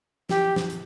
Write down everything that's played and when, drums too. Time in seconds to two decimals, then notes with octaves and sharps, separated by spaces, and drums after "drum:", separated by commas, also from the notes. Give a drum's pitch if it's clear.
0.29 G4, drum: snare
0.56 drum: snare
0.70 drum: hi-hat